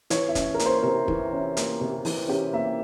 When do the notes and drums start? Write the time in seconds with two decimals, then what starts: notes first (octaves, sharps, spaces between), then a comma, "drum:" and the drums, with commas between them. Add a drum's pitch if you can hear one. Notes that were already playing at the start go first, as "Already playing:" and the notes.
0.10 E3 C#5, drum: hi-hat
0.29 E5
0.35 C#4, drum: kick, hi-hat
0.54 A#4
0.59 A#3, drum: hi-hat
0.66 C5
0.83 C3 A#4
1.08 E3, drum: kick
1.32 C#4
1.57 A#3, drum: hi-hat
1.81 C3
2.05 E3, drum: open hi-hat
2.28 C#4 G4
2.53 A#3 E5